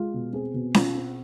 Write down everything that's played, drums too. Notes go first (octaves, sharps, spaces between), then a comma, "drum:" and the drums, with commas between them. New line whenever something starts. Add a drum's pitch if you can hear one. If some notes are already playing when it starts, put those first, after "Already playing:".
Already playing: G#3 F4
B2
C4 G#4
B2
B2 F4, drum: snare C#4
C4